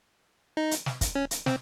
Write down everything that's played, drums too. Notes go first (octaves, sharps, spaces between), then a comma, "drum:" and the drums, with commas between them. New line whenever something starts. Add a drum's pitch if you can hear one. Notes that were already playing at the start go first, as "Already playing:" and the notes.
D#4
drum: hi-hat
drum: snare
drum: kick, hi-hat
C#4
drum: hi-hat
C4, drum: snare